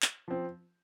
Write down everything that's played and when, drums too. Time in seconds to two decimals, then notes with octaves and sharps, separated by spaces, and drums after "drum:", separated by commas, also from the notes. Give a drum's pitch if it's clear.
0.02 drum: clap
0.28 F3 C4